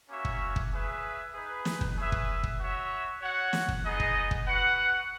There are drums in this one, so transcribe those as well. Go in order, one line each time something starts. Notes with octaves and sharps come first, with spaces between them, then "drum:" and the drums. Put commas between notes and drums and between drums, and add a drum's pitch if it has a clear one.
A#3 C#4 F#4 C#5 E5
drum: kick
drum: kick
C#4 G#4 B4 E5
D#4 G#4 B4
drum: snare
drum: kick
C#4 G#4 B4 E5
drum: kick
drum: kick
F#4 C#5 E5
F#4 C#5 F#5
drum: snare
drum: kick
B3 D#4 G#4 D#5
drum: kick
drum: kick
F#4 B4 F#5